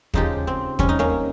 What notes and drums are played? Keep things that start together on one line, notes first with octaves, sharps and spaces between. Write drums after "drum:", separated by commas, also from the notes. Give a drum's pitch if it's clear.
C#3 F3 G#3 D#4 G4, drum: kick
C4
C3 G3 C#4, drum: kick
D#4
A#3 C#4